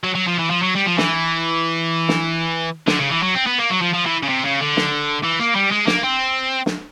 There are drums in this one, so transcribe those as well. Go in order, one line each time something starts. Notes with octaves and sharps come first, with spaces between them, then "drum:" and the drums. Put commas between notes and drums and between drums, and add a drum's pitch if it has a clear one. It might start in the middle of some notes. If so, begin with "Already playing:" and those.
F#3
F#3
F3
E3
F3
F#3
G3
F3
E3, drum: snare
drum: snare
D3, drum: snare
C#3
E3
F#3
C4
B3
A#3
F#3
F3
F3
E3
C#3
C3
C#3
D3
drum: snare
E3
A#3
G3
G#3
A#3, drum: snare
C4
drum: snare